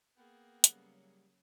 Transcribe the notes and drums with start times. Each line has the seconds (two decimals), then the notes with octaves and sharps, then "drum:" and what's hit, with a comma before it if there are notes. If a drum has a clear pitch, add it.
0.17 A#3 B3 G#4 G5
0.64 C#3 F#3 G3, drum: hi-hat